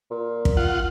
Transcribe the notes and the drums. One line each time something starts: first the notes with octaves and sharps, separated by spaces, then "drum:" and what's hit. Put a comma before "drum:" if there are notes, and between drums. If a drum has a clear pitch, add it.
A#2
drum: kick
F4 F#5